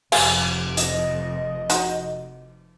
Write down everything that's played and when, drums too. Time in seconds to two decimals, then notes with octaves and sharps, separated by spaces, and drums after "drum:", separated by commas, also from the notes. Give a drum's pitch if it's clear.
0.12 F1 F2 G#4 F5, drum: cymbal
0.77 D#5, drum: hi-hat
1.70 D#4 F#4, drum: hi-hat